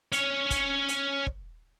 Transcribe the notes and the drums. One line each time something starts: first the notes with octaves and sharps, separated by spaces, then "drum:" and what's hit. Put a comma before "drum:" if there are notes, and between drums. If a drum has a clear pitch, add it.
C#4 C#5, drum: hi-hat
drum: kick, hi-hat
drum: hi-hat
drum: kick